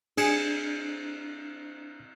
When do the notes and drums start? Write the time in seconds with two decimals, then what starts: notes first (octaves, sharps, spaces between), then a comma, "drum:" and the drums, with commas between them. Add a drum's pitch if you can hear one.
0.17 D4 G#4 G#6, drum: cymbal